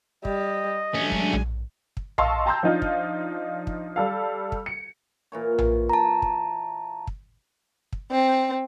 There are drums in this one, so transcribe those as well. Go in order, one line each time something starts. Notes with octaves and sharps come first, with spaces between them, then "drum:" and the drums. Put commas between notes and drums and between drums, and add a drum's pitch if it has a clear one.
G3 D#5, drum: kick
F#3 G#3 A3 C#4 D4 G#5
drum: kick
drum: tom A#1
drum: kick
D#5 F5 A5 C6 C#6 E6, drum: tom A#1
G5 A5 A#5 C6 E6 G6
F3 D4 D#4 F4
drum: kick
drum: kick
G3 A4 F5
drum: kick
C#7
A#2 E3 C#5
drum: tom A#1
A5 A#5
drum: kick
drum: kick
drum: kick
C4